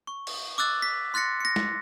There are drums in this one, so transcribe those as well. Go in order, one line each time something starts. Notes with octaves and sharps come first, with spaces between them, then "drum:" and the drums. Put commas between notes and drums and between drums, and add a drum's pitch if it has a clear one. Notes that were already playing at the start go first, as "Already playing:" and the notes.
C#6
drum: cymbal
D6 E6 F#6 A6
B6
C6 F#6 A6 A#6 C#7
A#6 C#7
drum: snare